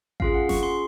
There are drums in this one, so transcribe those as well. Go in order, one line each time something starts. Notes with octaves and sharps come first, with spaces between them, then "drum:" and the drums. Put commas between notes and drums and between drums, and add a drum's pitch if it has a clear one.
C#4 F4 G#4 F5, drum: kick A1
F#5
C#6, drum: snare F#1
C6